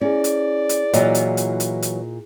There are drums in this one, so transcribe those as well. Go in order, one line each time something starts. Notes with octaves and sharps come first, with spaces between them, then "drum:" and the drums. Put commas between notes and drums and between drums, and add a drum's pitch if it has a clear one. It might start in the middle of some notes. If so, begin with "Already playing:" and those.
C#4 E4 G#4 D5
drum: hi-hat
drum: hi-hat
A#2 E3 F#3 D#5 F5, drum: hi-hat
drum: hi-hat
drum: hi-hat
drum: hi-hat
drum: hi-hat